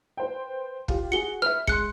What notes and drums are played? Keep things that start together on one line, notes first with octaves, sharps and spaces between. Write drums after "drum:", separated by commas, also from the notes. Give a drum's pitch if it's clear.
B4 C5 G5
F4 G4, drum: kick
F#4 G#4 C#7 G7
B4 E5 F6
G#3 C6 F#6 C#7, drum: kick